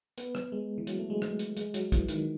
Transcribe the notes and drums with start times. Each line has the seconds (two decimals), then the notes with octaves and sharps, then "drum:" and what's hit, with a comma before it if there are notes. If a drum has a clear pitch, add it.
0.18 B3, drum: hi-hat
0.35 drum: rim click
0.52 G#3
0.78 E3
0.87 F#3, drum: hi-hat
0.99 A3
1.10 G#3
1.22 drum: rim click
1.39 drum: hi-hat
1.57 G#3, drum: hi-hat
1.74 F#3, drum: hi-hat
1.92 E3, drum: kick, hi-hat
2.09 D#3, drum: hi-hat